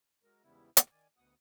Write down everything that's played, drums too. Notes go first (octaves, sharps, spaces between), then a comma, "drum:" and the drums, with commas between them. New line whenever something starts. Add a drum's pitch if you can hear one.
F#3 G#3 A#4
E2 G#2 C#3 G3 B3 E4
F#2 A2 D#3, drum: hi-hat
D#3 D5 G#5
D2 B2 F#5 D#6